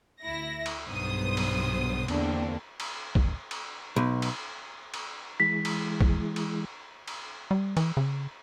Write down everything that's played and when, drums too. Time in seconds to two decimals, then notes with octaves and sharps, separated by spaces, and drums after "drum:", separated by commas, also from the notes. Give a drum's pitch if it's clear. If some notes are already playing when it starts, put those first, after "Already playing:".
0.23 D2 E4 A#6
0.66 drum: cymbal
0.87 B1 G2 B3 C5 D#6
1.37 drum: cymbal
2.08 E2 D3 A#3 C4 D4, drum: cymbal
2.80 drum: cymbal
3.15 drum: kick
3.51 drum: cymbal
3.96 B1
4.22 drum: cymbal
4.94 drum: cymbal
5.40 E3 G#3 B6
5.65 drum: cymbal
6.01 drum: kick
6.36 drum: cymbal
7.08 drum: cymbal
7.51 G3
7.77 E3, drum: cymbal
7.97 C#3